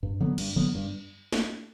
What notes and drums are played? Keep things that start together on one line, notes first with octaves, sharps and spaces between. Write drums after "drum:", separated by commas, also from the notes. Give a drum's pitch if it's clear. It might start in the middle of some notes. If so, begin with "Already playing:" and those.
G2
D3 F#3 B3
G2, drum: cymbal
D3 F#3 B3
G2
drum: snare